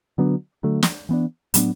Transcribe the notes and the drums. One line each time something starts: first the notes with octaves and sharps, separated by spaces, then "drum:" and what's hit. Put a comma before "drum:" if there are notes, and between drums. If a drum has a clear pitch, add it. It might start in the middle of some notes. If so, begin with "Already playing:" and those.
D3 F#3 B3 D4
D3 F#3 A3
drum: snare
E3 B3 D4
A2 F#3 B3 D4, drum: hi-hat